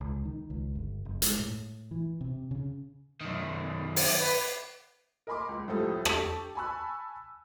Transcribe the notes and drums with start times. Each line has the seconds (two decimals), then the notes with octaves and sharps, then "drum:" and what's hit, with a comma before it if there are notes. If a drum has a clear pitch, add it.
0.01 C#2
0.25 D#3
0.50 C#2
0.75 G1
1.05 F#1
1.22 G#3, drum: hi-hat
1.39 A2
1.91 E3
2.21 C3
2.51 C#3
3.21 F#2 D#3
3.96 drum: open hi-hat
4.18 B4
5.27 A#4 D#5 G#5 B5 C6 D6
5.49 C#2
5.68 C2 A2 F3 G3 A4 D#6
6.05 G4 A4 A5 C#6, drum: rim click
6.55 G#5 A5 B5 C#6 E6 F#6